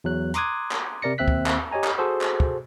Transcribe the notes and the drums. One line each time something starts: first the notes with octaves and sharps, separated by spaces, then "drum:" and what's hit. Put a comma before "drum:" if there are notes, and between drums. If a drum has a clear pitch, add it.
E2 F#3 F#6
A#5 C6 D6 D#6 F#6 G#6, drum: hi-hat
drum: clap
C3 A#4 D5 A#6 C#7
D#2 C4 E5 F#6 B6
drum: kick
drum: clap
G4 C#5 D#5 G#5 A#5
drum: clap
F#4 G#4 A4 C5
drum: clap
drum: kick